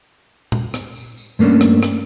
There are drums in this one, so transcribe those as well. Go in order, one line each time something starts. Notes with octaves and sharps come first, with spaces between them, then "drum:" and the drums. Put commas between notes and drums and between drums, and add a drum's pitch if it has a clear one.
drum: tom A#2
drum: rim click
drum: tambourine
drum: tambourine
G2 A3 A#3 C#4 D4, drum: tambourine
drum: rim click
drum: rim click